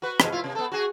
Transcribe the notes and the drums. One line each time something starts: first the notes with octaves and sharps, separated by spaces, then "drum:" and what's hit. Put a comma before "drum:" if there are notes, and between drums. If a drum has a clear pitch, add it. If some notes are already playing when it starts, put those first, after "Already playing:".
F#4 B4
E2 B2 G#3, drum: rim click
E4 F4
C3
B3 A4
F#4 G#4